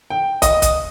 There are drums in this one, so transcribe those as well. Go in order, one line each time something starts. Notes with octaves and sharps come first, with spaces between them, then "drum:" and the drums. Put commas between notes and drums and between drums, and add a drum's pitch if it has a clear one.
G5
D#5, drum: kick, hi-hat
drum: kick, hi-hat